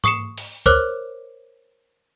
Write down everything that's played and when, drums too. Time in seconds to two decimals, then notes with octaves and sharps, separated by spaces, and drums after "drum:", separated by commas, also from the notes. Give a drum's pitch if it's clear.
0.04 C#6 D#6 C7 C#7 E7, drum: tom G#2
0.37 drum: open hi-hat
0.66 A#4 C5 C#5 D6 F6 F#6, drum: kick D2